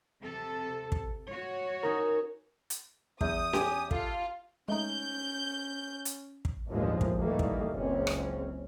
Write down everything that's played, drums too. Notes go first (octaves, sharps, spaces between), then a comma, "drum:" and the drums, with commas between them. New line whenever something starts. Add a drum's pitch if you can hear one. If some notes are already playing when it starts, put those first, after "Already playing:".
C3 A4
drum: kick
F#4 C#5
C#4 D#4 A#4
drum: hi-hat
E2 D#6 G6, drum: kick
G4 G#5, drum: snare C#4
F4 A4, drum: kick
G#3 A3 C#4 D#4 G6
drum: hi-hat
drum: kick
G1 D#2 A2 D#3 F3 G#3
drum: kick
A#2 D#3 E3 G3 A3 A#3
drum: kick
F#1 C#2 C4 C#4
drum: rim click